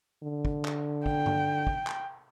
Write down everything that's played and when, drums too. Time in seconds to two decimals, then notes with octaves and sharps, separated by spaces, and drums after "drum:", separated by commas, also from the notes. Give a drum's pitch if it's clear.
0.23 D3
0.45 drum: kick
0.65 drum: clap
1.06 G5, drum: kick
1.26 drum: tom G2
1.67 drum: kick
1.87 drum: clap